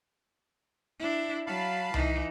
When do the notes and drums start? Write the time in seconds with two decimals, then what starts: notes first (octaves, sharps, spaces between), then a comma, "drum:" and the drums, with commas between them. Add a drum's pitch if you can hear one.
0.99 D4 E4
1.47 F#3 F5 A5 B5
1.94 E3 D#4, drum: tom C2